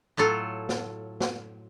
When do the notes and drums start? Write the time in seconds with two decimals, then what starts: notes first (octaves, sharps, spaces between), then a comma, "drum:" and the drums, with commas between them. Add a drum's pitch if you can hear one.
0.17 A2 F#3 F4 A4
0.69 drum: snare
1.20 drum: snare